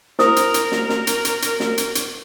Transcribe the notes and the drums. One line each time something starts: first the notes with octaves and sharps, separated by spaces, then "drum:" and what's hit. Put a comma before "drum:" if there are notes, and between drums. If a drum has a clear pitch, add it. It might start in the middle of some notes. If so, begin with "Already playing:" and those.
E4 A#4 C5 D#6, drum: snare
drum: hi-hat
drum: hi-hat
drum: snare
drum: snare
drum: hi-hat
drum: hi-hat
drum: hi-hat
drum: snare
drum: hi-hat
drum: hi-hat